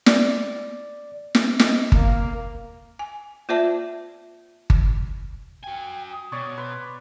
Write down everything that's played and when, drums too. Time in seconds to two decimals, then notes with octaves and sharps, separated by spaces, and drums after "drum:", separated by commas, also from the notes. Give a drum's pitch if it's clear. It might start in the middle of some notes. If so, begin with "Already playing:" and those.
0.06 D5, drum: snare
1.35 drum: snare
1.59 D#5, drum: snare
1.92 A#3, drum: kick G1
2.99 G#5
3.49 A#3 F4 C5 D5 E5 A5
4.70 drum: kick G1
5.63 F#4 G5 G#5
6.13 D#6
6.32 B2 C#5 D5
6.58 B4 C6